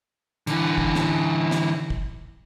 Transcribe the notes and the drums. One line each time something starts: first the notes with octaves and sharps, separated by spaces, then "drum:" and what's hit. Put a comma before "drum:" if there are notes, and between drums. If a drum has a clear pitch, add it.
D3 E3, drum: hi-hat
drum: kick
drum: snare
drum: snare
drum: kick